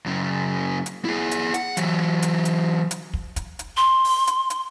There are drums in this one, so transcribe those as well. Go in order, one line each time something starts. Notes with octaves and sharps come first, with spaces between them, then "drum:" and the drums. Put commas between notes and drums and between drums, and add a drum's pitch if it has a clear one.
F#2 C#3
drum: hi-hat
E4 G#4
drum: hi-hat
F#5, drum: hi-hat
E3 F#3, drum: hi-hat
drum: hi-hat
drum: hi-hat
drum: hi-hat
drum: kick
drum: kick, hi-hat
drum: hi-hat
C6
drum: open hi-hat
drum: hi-hat
drum: hi-hat